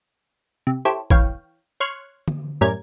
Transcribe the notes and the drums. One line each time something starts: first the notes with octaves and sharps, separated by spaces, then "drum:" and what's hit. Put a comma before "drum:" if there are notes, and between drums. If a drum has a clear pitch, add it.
C3
E4 G4 A4 C5 C#5
E3 C#5 F5 G5, drum: kick A1
C#5 C6 F6 F#6 G#6 C#7
drum: tom D3
F#2 A2 G3 C#4 A#4 G#6